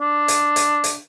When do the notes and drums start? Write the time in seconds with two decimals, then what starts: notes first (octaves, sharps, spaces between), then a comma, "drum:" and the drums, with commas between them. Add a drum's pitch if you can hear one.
0.01 D4
0.28 drum: hi-hat
0.56 drum: hi-hat
0.84 drum: hi-hat